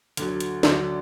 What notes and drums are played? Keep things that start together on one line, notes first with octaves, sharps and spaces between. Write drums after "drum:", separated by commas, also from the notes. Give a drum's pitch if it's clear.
D2 D3 F#3, drum: hi-hat
drum: hi-hat
D2 D3 F#3 D5, drum: snare